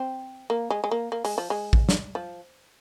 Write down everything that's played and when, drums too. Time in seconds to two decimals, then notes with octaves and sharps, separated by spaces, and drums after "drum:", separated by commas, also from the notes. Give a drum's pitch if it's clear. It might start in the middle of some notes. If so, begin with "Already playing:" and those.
Already playing: C4
0.50 A#3
0.70 G#3
0.84 G#3
0.91 A#3
1.12 A#3
1.25 G#3, drum: open hi-hat
1.38 F3
1.50 G#3
1.73 drum: kick A1
1.89 drum: snare
2.15 F3